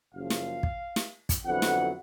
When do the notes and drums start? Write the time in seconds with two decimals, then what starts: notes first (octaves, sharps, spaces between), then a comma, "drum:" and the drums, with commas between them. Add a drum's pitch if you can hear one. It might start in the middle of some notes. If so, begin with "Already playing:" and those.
0.14 F#1 F#2 C#3 F3 F5
0.30 drum: snare
0.63 drum: kick
0.96 drum: snare
1.29 drum: kick, hi-hat
1.45 F2 D3 F#3 B3 E4 F#5
1.62 drum: snare